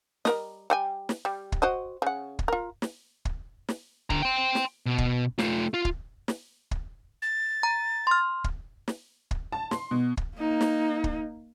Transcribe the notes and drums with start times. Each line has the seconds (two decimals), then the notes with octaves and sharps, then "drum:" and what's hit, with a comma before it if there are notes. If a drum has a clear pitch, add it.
0.25 G3 A#4 D#5, drum: snare
0.70 G3 G5 G#5
1.09 drum: snare
1.25 G3
1.52 drum: kick
1.62 F#4 C5 D#5
2.02 C#3 F#5
2.39 drum: kick
2.48 F4 A#4
2.82 drum: snare
3.25 drum: kick
3.69 drum: snare
4.10 D3 A#5, drum: kick
4.22 G5 C6
4.55 drum: snare
4.86 B2
4.98 drum: kick
5.39 A3 F4, drum: snare
5.74 F4
5.85 drum: kick
6.28 drum: snare
6.71 drum: kick
7.22 A6
7.63 A#5
8.07 C6 F6
8.44 drum: kick
8.88 drum: snare
9.31 drum: kick
9.52 A5
9.71 C6, drum: snare
9.91 B2
10.17 drum: kick
10.37 A#3 D#4
10.61 drum: snare
11.04 drum: kick